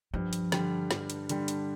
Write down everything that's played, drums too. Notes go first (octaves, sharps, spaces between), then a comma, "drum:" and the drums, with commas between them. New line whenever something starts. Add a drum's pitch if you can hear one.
G2 F3
drum: hi-hat
D3 G3, drum: snare
G2, drum: snare
drum: hi-hat
D3 G3, drum: hi-hat
drum: hi-hat